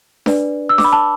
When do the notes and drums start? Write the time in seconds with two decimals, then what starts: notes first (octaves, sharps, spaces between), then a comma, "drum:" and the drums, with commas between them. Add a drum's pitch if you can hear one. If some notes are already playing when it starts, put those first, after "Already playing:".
0.26 D4 B4 D5, drum: snare D4
0.69 E6
0.78 D6, drum: snare D4
0.84 B5
0.93 A5